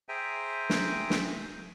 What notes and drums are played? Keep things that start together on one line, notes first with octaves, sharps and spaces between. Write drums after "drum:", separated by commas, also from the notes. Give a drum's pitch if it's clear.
G#4 C5 E5 G5 G#5 A#5
drum: snare
drum: snare